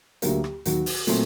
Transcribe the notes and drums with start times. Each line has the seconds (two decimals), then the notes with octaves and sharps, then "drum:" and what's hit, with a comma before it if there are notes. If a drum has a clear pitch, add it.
0.22 D2 D3 F#3 A#3 G4, drum: hi-hat
0.44 drum: rim click
0.65 D#2 D#3 F#3 F#4, drum: hi-hat
0.86 drum: open hi-hat
1.07 A#2 F#3 A3 C4, drum: hi-hat